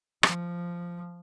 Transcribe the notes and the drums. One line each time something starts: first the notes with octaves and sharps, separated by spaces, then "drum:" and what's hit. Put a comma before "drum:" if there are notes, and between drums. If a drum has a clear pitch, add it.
F3, drum: rim click